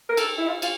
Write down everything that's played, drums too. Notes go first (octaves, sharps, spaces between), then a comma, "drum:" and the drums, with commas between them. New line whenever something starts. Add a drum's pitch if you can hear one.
A#4
A4, drum: cymbal
E4
F4
F4, drum: cymbal